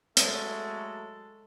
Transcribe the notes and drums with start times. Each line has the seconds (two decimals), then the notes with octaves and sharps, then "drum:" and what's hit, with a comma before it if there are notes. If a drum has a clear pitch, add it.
0.17 F#3 G#3 A3 A4, drum: hi-hat